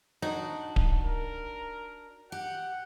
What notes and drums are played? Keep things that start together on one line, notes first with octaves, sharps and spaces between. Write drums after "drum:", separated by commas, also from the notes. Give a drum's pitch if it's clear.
D4 D#4 F#4
drum: kick D1
A#4
G4 F#5